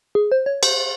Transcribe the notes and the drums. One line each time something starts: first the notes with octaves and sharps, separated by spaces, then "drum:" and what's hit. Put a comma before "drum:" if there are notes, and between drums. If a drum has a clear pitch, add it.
G#4
C5
C#5
C5, drum: cymbal